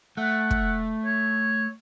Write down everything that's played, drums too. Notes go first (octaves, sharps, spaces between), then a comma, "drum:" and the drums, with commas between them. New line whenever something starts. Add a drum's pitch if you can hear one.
A3 F#5
drum: kick
C#5